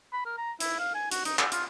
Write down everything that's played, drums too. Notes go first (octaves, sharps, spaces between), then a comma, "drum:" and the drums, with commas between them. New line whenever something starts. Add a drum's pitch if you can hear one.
B5
A#4
A#5
E4, drum: hi-hat
F5
G#5
F#4, drum: hi-hat
D#4, drum: hi-hat
E5, drum: clap
F4, drum: hi-hat